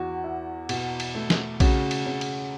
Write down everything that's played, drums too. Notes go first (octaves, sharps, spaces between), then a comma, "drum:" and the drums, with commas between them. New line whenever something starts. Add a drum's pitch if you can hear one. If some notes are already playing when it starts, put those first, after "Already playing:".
Already playing: E2 F#4
E4
B2, drum: cymbal
drum: cymbal
A3
drum: snare
C#3 F#4, drum: kick A#1, cymbal
drum: cymbal
C#3
drum: cymbal